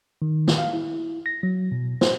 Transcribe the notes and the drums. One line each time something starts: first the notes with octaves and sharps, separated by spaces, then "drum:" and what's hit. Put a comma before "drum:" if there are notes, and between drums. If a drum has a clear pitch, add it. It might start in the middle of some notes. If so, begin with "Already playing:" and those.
D#3
drum: snare
F5
E4
A#6
F#3
B2
C5, drum: snare